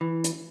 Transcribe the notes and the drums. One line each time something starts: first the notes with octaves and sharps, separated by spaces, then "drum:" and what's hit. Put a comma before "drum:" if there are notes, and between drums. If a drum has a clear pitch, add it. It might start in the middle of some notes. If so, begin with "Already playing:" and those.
E3
drum: hi-hat